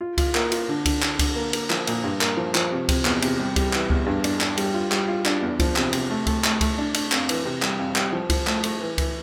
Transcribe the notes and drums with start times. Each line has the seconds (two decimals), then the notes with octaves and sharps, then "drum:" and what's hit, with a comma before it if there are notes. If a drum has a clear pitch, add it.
0.01 F4
0.18 F4, drum: kick C#2, cymbal
0.35 A#3, drum: clap
0.52 F4, drum: cymbal
0.68 D3
0.85 D3, drum: kick C#2, cymbal
1.02 D3, drum: clap
1.19 D3, drum: kick C#2, cymbal
1.36 A#3
1.53 A#3, drum: cymbal
1.70 F3, drum: clap
1.87 A#2, drum: cymbal
2.04 G2
2.21 A#3, drum: clap
2.37 F3
2.55 F3, drum: clap
2.72 C3
2.89 C3, drum: kick C#2, cymbal
3.05 E2, drum: clap
3.22 C3, drum: cymbal
3.39 G3
3.56 G3, drum: kick C#2, cymbal
3.73 E3, drum: clap
3.90 E2, drum: kick C#2
4.06 G2
4.24 D4, drum: cymbal
4.41 D4, drum: clap
4.57 G3, drum: cymbal
4.74 F4
4.92 G3, drum: clap
5.08 F4
5.26 D4, drum: clap
5.42 E2
5.59 F3, drum: kick C#2, cymbal
5.76 C3, drum: clap
5.93 C3, drum: cymbal
6.10 A3
6.27 A3, drum: kick C#2, cymbal
6.44 A3, drum: clap
6.61 A3, drum: kick C#2, cymbal
6.78 D4
6.94 D4, drum: cymbal
7.12 F2, drum: clap
7.29 E3, drum: cymbal
7.45 C3
7.62 G3, drum: clap
7.79 F2
7.96 G3, drum: clap
8.13 F3
8.30 F3, drum: kick C#2, cymbal
8.47 A3, drum: clap
8.63 A3, drum: cymbal
8.80 E3
8.98 E3, drum: kick C#2, cymbal